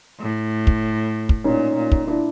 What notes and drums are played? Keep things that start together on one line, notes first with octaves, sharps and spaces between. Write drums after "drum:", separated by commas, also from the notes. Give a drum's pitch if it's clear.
A2
drum: kick
drum: kick
A#2 C#4 D#4
A#2
drum: kick
D4 E4